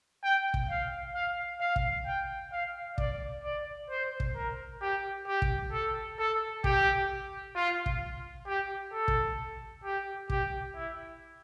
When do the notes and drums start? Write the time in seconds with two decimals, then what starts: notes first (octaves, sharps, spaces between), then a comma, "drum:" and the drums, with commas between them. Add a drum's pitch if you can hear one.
0.23 G5
0.54 drum: kick
0.69 F5
1.14 F5
1.61 F5
1.76 drum: kick
2.06 G5
2.52 F5
2.98 D5, drum: kick
3.44 D5
3.90 C5
4.20 drum: kick
4.35 A#4
4.81 G4
5.27 G4
5.42 drum: kick
5.72 A4
6.18 A4
6.64 G4, drum: kick
7.55 F4
7.86 drum: kick
8.47 G4
8.93 A4
9.08 drum: kick
9.84 G4
10.30 G4, drum: kick
10.75 E4